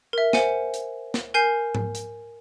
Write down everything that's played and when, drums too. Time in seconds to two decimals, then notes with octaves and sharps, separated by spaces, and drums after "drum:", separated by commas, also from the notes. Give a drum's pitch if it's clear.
0.13 A#4 E5
0.33 C5 F#5 G#5, drum: snare
0.74 drum: hi-hat
1.14 drum: snare
1.34 A#4 G#5 G6 C7
1.75 drum: tom G#2
1.95 drum: hi-hat